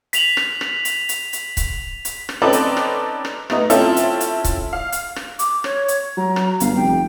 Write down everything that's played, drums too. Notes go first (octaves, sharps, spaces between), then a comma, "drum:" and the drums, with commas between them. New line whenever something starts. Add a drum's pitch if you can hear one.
B6 F7 F#7, drum: hi-hat
drum: rim click
drum: rim click
drum: hi-hat
drum: hi-hat
drum: hi-hat
drum: kick C#1, hi-hat
drum: hi-hat
drum: rim click
C4 C#4 D#4 A4 B4 D5
drum: hi-hat
drum: rim click
drum: rim click
A3 B3 D#4, drum: rim click
C4 C#4 E4 F4 A4, drum: hi-hat
drum: hi-hat
drum: hi-hat
drum: kick C#1, hi-hat
F5
drum: hi-hat
drum: rim click
D6, drum: hi-hat
C#5, drum: rim click
drum: hi-hat
F#3 A#5
drum: rim click
G1 F5, drum: hi-hat
F1 G5